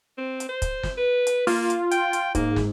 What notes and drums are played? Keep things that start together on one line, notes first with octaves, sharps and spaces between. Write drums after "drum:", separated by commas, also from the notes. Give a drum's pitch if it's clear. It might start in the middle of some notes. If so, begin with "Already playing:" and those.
C4
drum: hi-hat
C5
drum: kick, hi-hat
drum: snare
B4
drum: hi-hat
A#3 F4, drum: open hi-hat
drum: hi-hat
G5, drum: hi-hat
drum: hi-hat
G#2 A#3, drum: kick, hi-hat
drum: snare